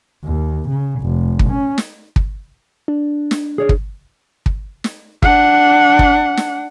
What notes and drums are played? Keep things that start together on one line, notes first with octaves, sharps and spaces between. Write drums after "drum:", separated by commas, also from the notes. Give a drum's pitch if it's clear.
D#2
C#3
F1
drum: kick
C#4
drum: snare
drum: kick
D4
drum: snare
G#4 C#5 D5
drum: kick
drum: kick
drum: snare
D4 F#5, drum: kick
drum: kick
drum: snare